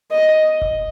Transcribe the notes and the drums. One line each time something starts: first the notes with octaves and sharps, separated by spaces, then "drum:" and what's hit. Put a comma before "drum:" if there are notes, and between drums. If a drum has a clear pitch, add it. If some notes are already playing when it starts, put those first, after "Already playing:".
D#5
drum: kick F1